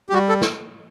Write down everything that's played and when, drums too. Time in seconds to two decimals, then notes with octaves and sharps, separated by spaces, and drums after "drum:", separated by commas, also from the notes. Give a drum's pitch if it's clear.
0.09 G4
0.13 G3 F#4
0.29 A4
0.41 drum: snare